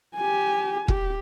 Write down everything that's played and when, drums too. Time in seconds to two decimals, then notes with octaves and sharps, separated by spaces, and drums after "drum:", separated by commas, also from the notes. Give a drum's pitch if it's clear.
0.16 G4 G#5
0.88 G4, drum: kick E1